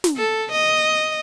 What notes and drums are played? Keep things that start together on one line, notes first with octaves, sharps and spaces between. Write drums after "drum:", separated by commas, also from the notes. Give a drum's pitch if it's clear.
drum: snare
A4
D#5